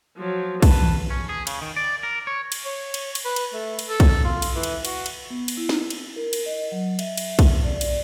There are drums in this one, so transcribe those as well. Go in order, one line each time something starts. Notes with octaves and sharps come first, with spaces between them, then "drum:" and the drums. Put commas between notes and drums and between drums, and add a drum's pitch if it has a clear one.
F3 F#3
B4 A5, drum: kick, cymbal
drum: tom D#3
C#4
G#4
C#3, drum: cymbal
D#3
D5
A#4
C#5
drum: cymbal
C#5
drum: cymbal
drum: cymbal
B4
drum: cymbal
A3
drum: cymbal
A4
drum: kick, cymbal
F4
drum: cymbal
E3
drum: cymbal
F#4, drum: cymbal
drum: cymbal
B3
drum: cymbal
E4
drum: snare
drum: cymbal
A#4
drum: cymbal
D#5
F#3
E5, drum: cymbal
drum: cymbal
drum: kick, cymbal
D5
drum: cymbal